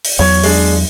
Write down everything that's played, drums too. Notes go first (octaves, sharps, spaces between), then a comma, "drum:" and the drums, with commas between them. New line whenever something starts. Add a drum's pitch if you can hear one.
drum: open hi-hat
E2 F#3 C#5
G#3 D4, drum: open hi-hat